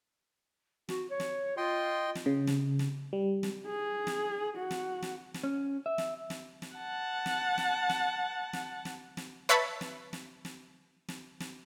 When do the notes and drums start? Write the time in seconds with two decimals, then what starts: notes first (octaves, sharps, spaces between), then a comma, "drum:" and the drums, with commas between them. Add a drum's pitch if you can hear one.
0.89 F#4, drum: snare
1.10 C#5
1.20 drum: snare
1.57 F4 D#5 G5 C6
2.15 drum: snare
2.26 C#3
2.47 drum: snare
2.79 drum: snare
3.13 G3
3.43 drum: snare
3.67 G#4
4.07 drum: snare
4.58 F#4
4.71 drum: snare
5.02 drum: snare
5.34 drum: snare
5.44 C#4
5.86 E5
5.98 drum: snare
6.30 drum: snare
6.62 drum: snare
6.76 F#5 A5
7.26 drum: snare
7.58 drum: snare
7.90 drum: snare
8.53 drum: snare
8.85 drum: snare
9.17 drum: snare
9.49 B4 C#5 E5 A5 B5
9.81 drum: snare
10.13 drum: snare
10.45 drum: snare
11.08 drum: snare
11.40 drum: snare